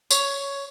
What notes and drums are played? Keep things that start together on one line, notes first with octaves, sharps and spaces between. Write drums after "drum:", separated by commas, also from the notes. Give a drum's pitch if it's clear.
C#5, drum: tambourine